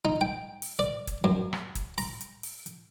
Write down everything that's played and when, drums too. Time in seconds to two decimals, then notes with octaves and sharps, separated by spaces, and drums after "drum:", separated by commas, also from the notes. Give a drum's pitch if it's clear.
0.05 D#4
0.21 G5
0.62 drum: open hi-hat
0.79 D5
1.07 drum: kick, hi-hat
1.24 F#2
1.53 drum: rim click
1.75 drum: kick, hi-hat
1.98 A#5, drum: open hi-hat
2.21 drum: hi-hat
2.43 drum: open hi-hat
2.66 drum: hi-hat